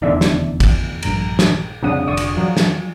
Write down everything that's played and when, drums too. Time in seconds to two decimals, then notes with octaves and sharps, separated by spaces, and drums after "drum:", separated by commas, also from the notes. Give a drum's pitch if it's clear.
0.02 F1 E2 D3 D#4 D5 E5
0.21 drum: snare
0.60 drum: kick, cymbal
1.03 A#1 G2 A#5, drum: cymbal
1.39 drum: snare
1.83 C2 F2 C#3 D4 F#5 D#6
2.07 F1 D3 D5 C#6 D#6
2.17 drum: cymbal
2.37 F3 F#3
2.57 drum: snare